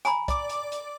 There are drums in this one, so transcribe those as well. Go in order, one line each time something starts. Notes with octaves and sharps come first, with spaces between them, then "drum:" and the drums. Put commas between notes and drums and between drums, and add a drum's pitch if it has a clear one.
G#5 A#5 B5, drum: hi-hat
D5 D6, drum: kick, hi-hat
drum: hi-hat
drum: hi-hat